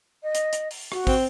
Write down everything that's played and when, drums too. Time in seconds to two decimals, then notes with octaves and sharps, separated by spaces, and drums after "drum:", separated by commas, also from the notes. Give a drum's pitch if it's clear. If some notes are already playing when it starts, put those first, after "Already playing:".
0.23 D#5
0.35 drum: hi-hat
0.53 drum: hi-hat
0.71 drum: open hi-hat
0.92 F#4, drum: rim click
1.07 C4, drum: kick, open hi-hat